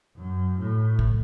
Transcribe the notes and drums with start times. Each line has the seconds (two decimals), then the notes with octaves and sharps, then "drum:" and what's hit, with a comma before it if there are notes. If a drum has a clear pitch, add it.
0.17 F#2
0.58 A2
0.99 drum: kick